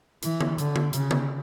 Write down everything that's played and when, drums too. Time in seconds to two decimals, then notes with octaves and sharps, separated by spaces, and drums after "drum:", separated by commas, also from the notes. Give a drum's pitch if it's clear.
0.23 E3, drum: hi-hat
0.41 drum: tom D3
0.58 D3, drum: hi-hat
0.76 drum: tom D3
0.93 C#3, drum: hi-hat
1.11 drum: tom D3